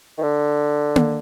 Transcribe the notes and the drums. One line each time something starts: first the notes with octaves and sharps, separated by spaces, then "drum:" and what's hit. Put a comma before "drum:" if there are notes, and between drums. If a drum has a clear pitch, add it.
D#3
D3
drum: tom A#3